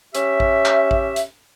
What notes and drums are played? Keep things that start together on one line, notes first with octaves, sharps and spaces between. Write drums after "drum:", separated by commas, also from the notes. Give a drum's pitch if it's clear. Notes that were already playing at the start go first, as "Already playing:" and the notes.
C#4 G4 E5, drum: hi-hat
drum: kick A1
drum: clap
drum: kick A1
drum: hi-hat